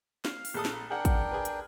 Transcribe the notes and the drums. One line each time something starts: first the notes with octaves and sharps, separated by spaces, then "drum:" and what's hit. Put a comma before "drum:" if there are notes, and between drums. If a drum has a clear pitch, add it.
F5, drum: snare
drum: open hi-hat
A#1 A4 D#6
drum: snare
D4 G#4 A#4 F#5 G5
drum: kick, hi-hat
G#4 B4
drum: hi-hat